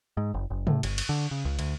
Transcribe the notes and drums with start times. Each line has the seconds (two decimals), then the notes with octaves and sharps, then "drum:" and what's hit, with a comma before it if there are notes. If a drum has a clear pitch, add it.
0.17 G#2
0.34 F#1
0.50 F#1
0.67 A2, drum: tom C3
0.83 G1, drum: cymbal
0.98 drum: cymbal
1.09 D3
1.31 C#3
1.45 C#2
1.59 D2, drum: cymbal